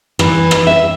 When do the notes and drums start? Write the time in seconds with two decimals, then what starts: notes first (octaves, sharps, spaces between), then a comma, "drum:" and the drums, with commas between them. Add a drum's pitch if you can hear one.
0.19 E3, drum: rim click
0.51 drum: rim click
0.67 E5